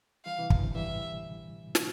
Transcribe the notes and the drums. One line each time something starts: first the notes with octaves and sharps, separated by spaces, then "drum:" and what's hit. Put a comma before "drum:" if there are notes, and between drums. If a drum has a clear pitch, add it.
E3 G3 F5
C3 E3
B2 D3, drum: kick
A2 C3
E3 G3 E5
drum: snare